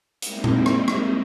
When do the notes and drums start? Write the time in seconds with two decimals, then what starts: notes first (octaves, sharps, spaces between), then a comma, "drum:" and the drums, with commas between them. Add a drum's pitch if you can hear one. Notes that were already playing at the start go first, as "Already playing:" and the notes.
0.22 G3 G#3 A#3 C4 D#4 E4, drum: hi-hat
0.44 drum: tom A#2
0.66 drum: rim click
0.88 drum: rim click